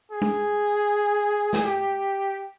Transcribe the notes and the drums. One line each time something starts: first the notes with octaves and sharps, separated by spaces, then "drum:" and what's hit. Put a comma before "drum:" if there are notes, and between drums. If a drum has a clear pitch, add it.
G#4
drum: tom
drum: snare
G4